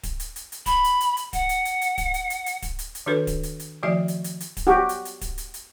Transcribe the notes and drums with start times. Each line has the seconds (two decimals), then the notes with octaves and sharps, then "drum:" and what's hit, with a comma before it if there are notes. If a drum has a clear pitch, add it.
0.03 drum: kick D1, hi-hat
0.20 drum: hi-hat
0.36 drum: hi-hat
0.52 drum: hi-hat
0.66 B5, drum: kick D1, hi-hat
0.84 drum: hi-hat
1.01 drum: hi-hat
1.17 drum: hi-hat
1.33 F#5, drum: kick D1, hi-hat
1.49 drum: hi-hat
1.65 drum: hi-hat
1.81 drum: hi-hat
1.98 drum: kick D1, hi-hat
2.14 drum: hi-hat
2.30 drum: hi-hat
2.46 drum: hi-hat
2.62 drum: kick D1, hi-hat
2.79 drum: hi-hat
2.95 drum: hi-hat
3.06 D#3 D4 F#4 A4 B4
3.27 drum: kick D1, hi-hat
3.43 drum: hi-hat
3.60 drum: hi-hat
3.83 D#3 F3 A3 F#4 D5 E5
4.08 drum: hi-hat
4.24 drum: hi-hat
4.40 drum: hi-hat
4.57 drum: kick D1, hi-hat
4.67 F#4 G4
4.89 drum: hi-hat
5.05 drum: hi-hat
5.21 drum: kick D1, hi-hat
5.38 drum: hi-hat
5.54 drum: hi-hat